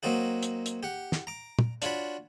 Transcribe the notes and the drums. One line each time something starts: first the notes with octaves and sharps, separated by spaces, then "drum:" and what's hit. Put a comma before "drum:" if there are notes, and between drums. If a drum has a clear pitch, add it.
F#3 A#3 C4 D#4 F#4
drum: hi-hat
drum: hi-hat
G4 F#5
drum: snare
A#5 D6
drum: tom
D4 F4 F#4 C#5 B5, drum: hi-hat